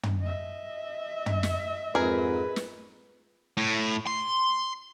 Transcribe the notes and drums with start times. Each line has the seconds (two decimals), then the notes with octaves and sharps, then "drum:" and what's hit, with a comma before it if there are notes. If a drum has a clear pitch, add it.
0.03 drum: tom
0.22 D#5 E5
1.26 drum: tom
1.43 drum: snare
1.95 F2 G#2 G#4 A#4 B4
2.56 drum: snare
3.57 A2
4.07 C6